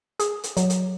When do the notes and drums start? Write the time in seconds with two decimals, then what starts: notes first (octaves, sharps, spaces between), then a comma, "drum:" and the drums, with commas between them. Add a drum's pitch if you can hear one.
0.19 G#4, drum: hi-hat
0.44 drum: hi-hat
0.57 F#3, drum: hi-hat
0.70 drum: hi-hat